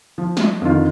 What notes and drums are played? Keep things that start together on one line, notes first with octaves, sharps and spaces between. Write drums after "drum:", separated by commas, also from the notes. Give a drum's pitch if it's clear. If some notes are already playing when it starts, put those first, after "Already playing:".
F3
drum: snare
F2 D3 D#3 F4